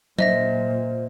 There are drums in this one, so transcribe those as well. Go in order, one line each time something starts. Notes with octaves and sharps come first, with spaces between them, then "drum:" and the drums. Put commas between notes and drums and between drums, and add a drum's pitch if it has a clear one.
A#2 C5 D#5 E5 A#6, drum: tom F#3